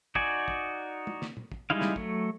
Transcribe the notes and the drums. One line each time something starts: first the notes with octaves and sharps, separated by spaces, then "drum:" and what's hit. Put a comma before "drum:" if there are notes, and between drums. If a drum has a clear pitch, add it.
D#4 F#4 D5 G#5, drum: kick
drum: kick
drum: tom
drum: snare
drum: tom
drum: kick
G3 G#3 D#4 E4 F5
drum: snare
F#3 A3, drum: kick